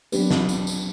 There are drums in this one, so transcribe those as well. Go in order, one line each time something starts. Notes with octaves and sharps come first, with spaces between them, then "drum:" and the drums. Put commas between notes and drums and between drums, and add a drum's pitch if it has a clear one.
F#3 B3 C4 D4 G4 B4, drum: tambourine
drum: snare
drum: tambourine
drum: tambourine